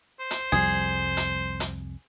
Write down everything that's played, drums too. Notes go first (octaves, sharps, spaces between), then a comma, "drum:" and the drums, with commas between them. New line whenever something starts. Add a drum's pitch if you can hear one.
C5
drum: hi-hat
C2 F2 G3 G#4
drum: hi-hat
drum: hi-hat